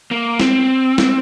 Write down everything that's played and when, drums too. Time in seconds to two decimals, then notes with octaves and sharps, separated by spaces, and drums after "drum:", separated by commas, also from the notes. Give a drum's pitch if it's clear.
0.11 A#3
0.40 C4, drum: snare
0.98 drum: snare